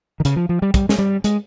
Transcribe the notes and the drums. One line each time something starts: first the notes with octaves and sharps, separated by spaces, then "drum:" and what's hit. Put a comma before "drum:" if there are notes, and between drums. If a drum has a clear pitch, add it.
D#3
C#3, drum: hi-hat
F3
F3
G3
G3, drum: kick, hi-hat
G#3, drum: snare
G3
G#3, drum: hi-hat